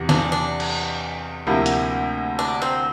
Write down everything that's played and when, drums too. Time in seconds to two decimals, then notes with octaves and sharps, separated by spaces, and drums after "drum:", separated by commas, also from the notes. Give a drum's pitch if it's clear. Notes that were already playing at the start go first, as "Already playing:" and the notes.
Already playing: E2 C3 E3
0.09 D4, drum: snare
0.32 D4
0.60 drum: cymbal
1.47 D2 C3 F3 A#3 E4
1.66 drum: hi-hat
2.39 D4
2.62 C4